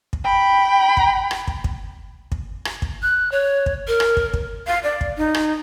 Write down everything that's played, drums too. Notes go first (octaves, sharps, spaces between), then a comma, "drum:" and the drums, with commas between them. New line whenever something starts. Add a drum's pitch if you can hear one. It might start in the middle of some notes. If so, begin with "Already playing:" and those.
drum: kick
G5 B5
drum: kick
drum: rim click
drum: kick
drum: kick
drum: kick
drum: rim click
drum: kick
F#6
C#5
drum: kick
A#4
drum: rim click
drum: kick
drum: kick
F5
D5
drum: kick
D#4
drum: rim click